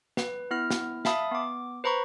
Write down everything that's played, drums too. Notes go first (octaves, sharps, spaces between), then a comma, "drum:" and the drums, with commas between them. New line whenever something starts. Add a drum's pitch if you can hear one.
B4, drum: snare
B3 E4 F6
drum: snare
E5 F5 A5 B5 D#6, drum: snare
B3 D6
B4 C5 A#5 B5 C#6